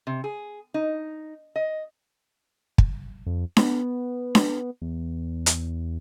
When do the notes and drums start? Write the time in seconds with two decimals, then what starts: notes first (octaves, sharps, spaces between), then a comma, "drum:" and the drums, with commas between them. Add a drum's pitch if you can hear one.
0.07 C3
0.24 G#4
0.74 D#4
1.56 D#5
2.78 drum: kick
3.26 F2
3.57 B3, drum: snare D4
4.35 drum: snare D4
4.82 E2
5.46 drum: hi-hat